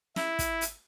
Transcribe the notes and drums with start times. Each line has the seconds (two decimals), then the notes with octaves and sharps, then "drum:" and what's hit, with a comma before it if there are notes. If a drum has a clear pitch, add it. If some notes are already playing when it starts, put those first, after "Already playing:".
0.16 E4, drum: snare
0.39 drum: kick, hi-hat
0.61 drum: hi-hat